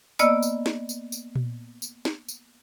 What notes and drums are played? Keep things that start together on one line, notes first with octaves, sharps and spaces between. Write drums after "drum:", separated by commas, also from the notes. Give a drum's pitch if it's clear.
A#3 B3 D5 D#5 E6 F6, drum: tambourine
drum: tambourine
drum: snare
drum: tambourine
drum: tambourine
drum: tom A#2
drum: tambourine
drum: snare
drum: tambourine